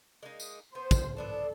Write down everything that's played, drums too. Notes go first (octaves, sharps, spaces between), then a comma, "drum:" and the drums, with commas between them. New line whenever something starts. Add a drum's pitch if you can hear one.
G#3 A#3 D#4
drum: tambourine
B3 C5
drum: kick, tambourine
B3 D4 A4 C5